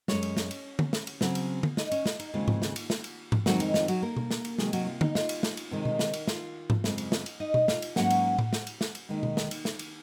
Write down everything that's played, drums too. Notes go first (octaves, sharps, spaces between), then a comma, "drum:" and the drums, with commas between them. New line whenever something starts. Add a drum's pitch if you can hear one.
F#2 C#3 G#3 C#4 C#5, drum: snare
drum: cymbal
drum: snare
drum: cymbal
drum: tom D3
drum: snare
drum: cymbal
C#3 F#3 C4, drum: snare
drum: cymbal
drum: tom D3
D#4 D#5, drum: snare
C#4 C#5, drum: cymbal
F4, drum: snare
D#4, drum: cymbal
D#2 C#3 G#3 C4 F4
drum: tom G#2
drum: snare
drum: cymbal
drum: snare
drum: cymbal
drum: tom G#2
F2 D#3 F#3 G#3 C4 F#4, drum: snare
D#4, drum: cymbal
F4, drum: snare
F#3 F#4, drum: cymbal
A#3 A#4
drum: tom B2
drum: snare
drum: cymbal
C3 D#3 F#3 G#3 G#4, drum: snare
F#3 F#4, drum: cymbal
F4
D#4, drum: tom D3
F4, drum: snare
drum: cymbal
drum: snare
drum: cymbal
C3 D#3 G#3
drum: tom B2
drum: snare
drum: cymbal
F4, drum: snare
drum: tom G#2
F#2 C#3 G#3 C4, drum: snare
drum: cymbal
drum: snare
drum: cymbal
D#4 D#5
drum: tom B2
F4 F5, drum: snare
drum: cymbal
G#2 F#3 A#3 C#4 F#4 F#5, drum: snare
drum: cymbal
drum: tom A2
drum: snare
drum: cymbal
drum: snare
drum: cymbal
D#2 D#3 G#3
drum: tom B2
drum: snare
drum: cymbal
drum: snare
drum: cymbal